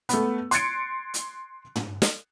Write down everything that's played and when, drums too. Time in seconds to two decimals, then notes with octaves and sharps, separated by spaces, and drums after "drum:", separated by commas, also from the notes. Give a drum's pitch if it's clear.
0.09 A3 B3, drum: hi-hat
0.51 C6 F#6 G#6 A6 C#7 D7, drum: hi-hat
1.14 drum: hi-hat
1.76 drum: tom
2.02 drum: snare